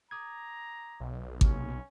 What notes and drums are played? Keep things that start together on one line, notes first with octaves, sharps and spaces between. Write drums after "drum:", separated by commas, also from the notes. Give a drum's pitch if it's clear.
A#5 D6 D#6 G#6
B1
C3 A#3 C#4, drum: kick G#1